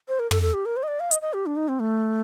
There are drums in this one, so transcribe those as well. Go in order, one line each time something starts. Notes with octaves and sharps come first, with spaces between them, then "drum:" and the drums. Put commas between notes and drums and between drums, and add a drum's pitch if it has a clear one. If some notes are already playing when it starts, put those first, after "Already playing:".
C5
A#4
A4, drum: tom
A4
G4
A#4
C5
D#5
D5
F5
D#5, drum: hi-hat
D#5
G4
D4
D#4
C4
A3